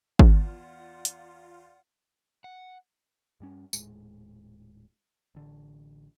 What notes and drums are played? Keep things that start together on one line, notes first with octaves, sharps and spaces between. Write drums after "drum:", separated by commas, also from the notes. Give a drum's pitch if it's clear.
E2 F4 D5 F#5, drum: kick
drum: hi-hat
F#5
G2 G3 C#4
D#1 A2 G#3, drum: tambourine
A1 D3